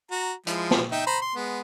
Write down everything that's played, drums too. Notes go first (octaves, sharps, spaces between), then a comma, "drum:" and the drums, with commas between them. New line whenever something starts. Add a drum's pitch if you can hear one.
F#4 A#5
F3 G#3 E4, drum: hi-hat
drum: snare
D#4 E5 G5
C5 A#5 B5
C6
G#3 B3